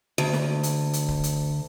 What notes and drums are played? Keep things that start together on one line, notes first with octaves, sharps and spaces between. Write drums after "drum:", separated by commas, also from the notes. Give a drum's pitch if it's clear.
D2 D3
drum: snare
drum: hi-hat
drum: hi-hat
drum: kick C#1
drum: hi-hat